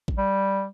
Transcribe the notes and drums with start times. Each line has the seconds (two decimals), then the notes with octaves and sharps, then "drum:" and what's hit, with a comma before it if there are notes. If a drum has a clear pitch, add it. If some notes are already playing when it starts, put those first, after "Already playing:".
0.08 drum: kick A1
0.18 G3